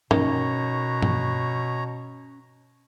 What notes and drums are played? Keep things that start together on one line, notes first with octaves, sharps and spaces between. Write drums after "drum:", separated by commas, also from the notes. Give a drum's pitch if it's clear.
B2 D#3 C#4 C#5 A#5, drum: tom G2
drum: tom G2